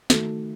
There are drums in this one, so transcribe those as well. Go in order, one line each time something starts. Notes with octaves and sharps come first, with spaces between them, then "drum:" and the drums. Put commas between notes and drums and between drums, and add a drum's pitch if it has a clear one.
D#3 A3 F#4 A4, drum: snare